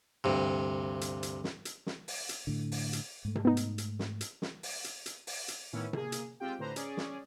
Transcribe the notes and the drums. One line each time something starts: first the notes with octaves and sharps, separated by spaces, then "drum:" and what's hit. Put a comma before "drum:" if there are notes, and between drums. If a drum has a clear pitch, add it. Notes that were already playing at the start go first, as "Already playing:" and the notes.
D2 G2 C3
drum: hi-hat
drum: hi-hat
drum: snare
drum: hi-hat
drum: snare
drum: open hi-hat
drum: hi-hat
A2 D3
drum: open hi-hat
drum: hi-hat
G#2 A3
drum: tom C3
B3 D#4
drum: hi-hat
drum: hi-hat
drum: snare
drum: hi-hat
drum: snare
drum: open hi-hat
drum: hi-hat
drum: hi-hat
drum: open hi-hat
drum: hi-hat
A2 D#3 E3 B3 C#4 E4
A#3 G#4, drum: tom C3
drum: hi-hat
G#3 C4 F4 G4 G5
A2 D3 B4 C5 A#5
C#4 G#4 D5, drum: hi-hat
drum: snare